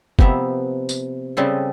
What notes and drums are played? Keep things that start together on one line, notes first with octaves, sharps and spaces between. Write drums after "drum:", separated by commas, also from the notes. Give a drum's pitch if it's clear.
C3 F3 B3 E5 A#5, drum: kick F#1
drum: tambourine
C#3 G3 C4 G#4 A4